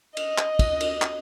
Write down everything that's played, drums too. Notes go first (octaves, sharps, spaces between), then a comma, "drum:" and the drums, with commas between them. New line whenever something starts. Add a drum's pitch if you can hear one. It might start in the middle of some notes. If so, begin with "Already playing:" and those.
D#5, drum: cymbal
drum: clap
drum: kick, cymbal
drum: cymbal
drum: clap